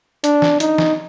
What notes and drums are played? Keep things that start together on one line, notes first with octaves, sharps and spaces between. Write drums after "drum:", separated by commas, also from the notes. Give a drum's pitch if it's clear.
D4, drum: hi-hat
drum: snare
D#4, drum: hi-hat
drum: snare